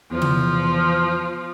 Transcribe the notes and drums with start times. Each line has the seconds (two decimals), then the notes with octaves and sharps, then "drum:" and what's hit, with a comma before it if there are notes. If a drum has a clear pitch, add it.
0.11 E2 F3
0.22 drum: tom